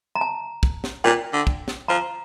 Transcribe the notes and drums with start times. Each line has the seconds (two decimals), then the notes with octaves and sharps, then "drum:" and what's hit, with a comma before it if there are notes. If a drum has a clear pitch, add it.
0.15 A#5
0.21 A5
0.63 drum: kick
0.84 drum: snare
1.04 A#2 G5
1.33 D3
1.47 drum: kick
1.68 drum: snare
1.88 F3 A#5